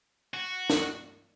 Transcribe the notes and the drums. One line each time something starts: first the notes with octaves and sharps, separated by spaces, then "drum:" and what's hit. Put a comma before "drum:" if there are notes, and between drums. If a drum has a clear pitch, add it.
F#4
drum: snare